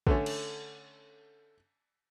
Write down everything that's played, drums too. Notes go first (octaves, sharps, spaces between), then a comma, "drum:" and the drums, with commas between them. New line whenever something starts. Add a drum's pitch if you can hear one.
D3 A3 C#4, drum: kick
drum: cymbal